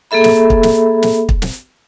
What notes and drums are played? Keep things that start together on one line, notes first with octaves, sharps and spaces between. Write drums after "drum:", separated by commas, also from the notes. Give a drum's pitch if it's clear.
A#3 G#4 A4 E5 B5
drum: snare
drum: kick
drum: snare
drum: snare
drum: kick
drum: snare